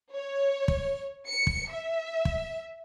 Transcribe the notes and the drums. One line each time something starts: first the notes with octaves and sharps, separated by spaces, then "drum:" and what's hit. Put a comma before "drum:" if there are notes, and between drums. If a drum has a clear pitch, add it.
C#5
drum: kick
C#7
drum: kick
E5
drum: kick